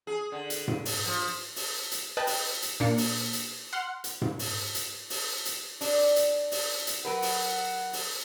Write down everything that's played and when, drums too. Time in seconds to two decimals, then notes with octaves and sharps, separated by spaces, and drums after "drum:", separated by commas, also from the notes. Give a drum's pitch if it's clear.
0.07 G#4
0.32 D3
0.50 drum: hi-hat
0.68 drum: tom G#2
0.85 drum: open hi-hat
1.05 F3
1.56 drum: open hi-hat
1.92 drum: hi-hat
2.17 B4 D#5 G5 A5 F#6 G6
2.27 drum: open hi-hat
2.62 drum: hi-hat
2.80 A#2 A#3 D4 C#7
2.98 drum: open hi-hat
3.33 drum: hi-hat
3.73 F#5 C6 F6
4.04 drum: hi-hat
4.22 drum: tom G#2
4.39 drum: open hi-hat
4.75 drum: hi-hat
5.10 drum: open hi-hat
5.45 drum: hi-hat
5.81 D4, drum: open hi-hat
6.16 drum: hi-hat
6.52 drum: open hi-hat
6.87 drum: hi-hat
7.05 F#3 A#4 B4 F#5
7.22 drum: open hi-hat
7.93 drum: open hi-hat